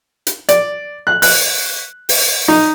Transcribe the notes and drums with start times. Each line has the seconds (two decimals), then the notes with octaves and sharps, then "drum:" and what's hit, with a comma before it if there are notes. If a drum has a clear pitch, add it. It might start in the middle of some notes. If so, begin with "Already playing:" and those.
0.27 drum: hi-hat
0.49 D5, drum: hi-hat
1.07 F#6
1.22 F#6, drum: open hi-hat
2.09 drum: open hi-hat
2.48 D#4